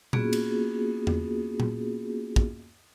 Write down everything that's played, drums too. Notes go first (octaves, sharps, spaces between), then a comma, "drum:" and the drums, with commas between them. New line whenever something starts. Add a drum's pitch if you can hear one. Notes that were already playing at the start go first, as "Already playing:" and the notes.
A#3 B3 C#4 F4 F#4 G#4, drum: tom A#2
drum: cymbal
drum: tom E2
drum: tom A#2
drum: kick